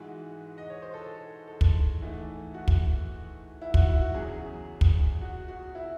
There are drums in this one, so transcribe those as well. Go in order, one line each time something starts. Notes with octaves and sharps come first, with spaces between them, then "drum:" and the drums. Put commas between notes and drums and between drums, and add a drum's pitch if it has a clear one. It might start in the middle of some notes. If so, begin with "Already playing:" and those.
Already playing: G#2 E3 G#3 F#4
D#5
C#5
C5
A4
A4
drum: kick
G#2 E3 A3
F#4
drum: kick
E4
F#4, drum: kick
E4
F#4
E2 C#3 F#3 G#4
drum: kick
F#4
F#4
E4